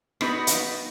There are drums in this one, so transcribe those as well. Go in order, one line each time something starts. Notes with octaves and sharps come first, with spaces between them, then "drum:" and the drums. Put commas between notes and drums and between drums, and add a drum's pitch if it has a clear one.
B3 D#4 F#4 B4, drum: rim click
drum: hi-hat